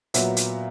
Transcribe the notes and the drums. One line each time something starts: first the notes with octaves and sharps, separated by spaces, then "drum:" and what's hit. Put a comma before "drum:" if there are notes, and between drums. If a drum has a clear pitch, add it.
A#2 F#3 B3 E5, drum: hi-hat
drum: hi-hat